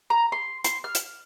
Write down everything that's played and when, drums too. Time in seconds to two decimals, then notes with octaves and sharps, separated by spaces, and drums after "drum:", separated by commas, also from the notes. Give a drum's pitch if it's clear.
0.10 A#5
0.32 C6
0.64 C6, drum: hi-hat
0.84 F6
0.95 drum: hi-hat